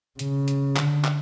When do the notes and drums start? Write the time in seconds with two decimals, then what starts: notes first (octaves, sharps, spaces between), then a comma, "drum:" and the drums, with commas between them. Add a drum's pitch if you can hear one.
0.19 C#3, drum: hi-hat
0.48 drum: hi-hat
0.76 D3, drum: clap
1.04 drum: clap